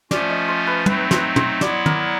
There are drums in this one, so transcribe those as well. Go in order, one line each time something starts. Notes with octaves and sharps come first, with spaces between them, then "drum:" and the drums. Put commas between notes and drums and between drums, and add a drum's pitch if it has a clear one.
F3 A3 C#4 F4 D5, drum: snare
D#5
C5
B4
F#3 A3 C4 D#4 B4, drum: tom
C5, drum: snare
C5, drum: tom
F#3 B3 E4 D5, drum: snare
A#4, drum: tom